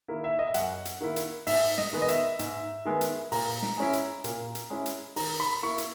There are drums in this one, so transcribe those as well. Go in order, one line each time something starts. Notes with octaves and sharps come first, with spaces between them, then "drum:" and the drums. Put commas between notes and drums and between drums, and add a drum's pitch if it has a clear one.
D#3 A#3 E4
E5
D#5
E5
F#2 F#5, drum: hi-hat
drum: hi-hat
D#3 A#3 E4
drum: hi-hat
G#2 E5, drum: open hi-hat
D#5, drum: snare
D#3 G#3 B3
D#5
E5, drum: hi-hat
G#2, drum: hi-hat
D#3 G#3 B3
drum: hi-hat
A#2 A#5, drum: open hi-hat
drum: snare
G#3 C#4 E4
drum: hi-hat
A#2, drum: hi-hat
drum: hi-hat
G#3 C#4 E4
drum: hi-hat
D#3 A#5, drum: open hi-hat
B5
A#3 E4 C#6
drum: hi-hat